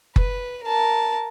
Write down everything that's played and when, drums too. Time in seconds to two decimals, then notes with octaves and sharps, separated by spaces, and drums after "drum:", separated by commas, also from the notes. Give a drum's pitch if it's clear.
0.16 B4, drum: kick F#1
0.64 A#4 A5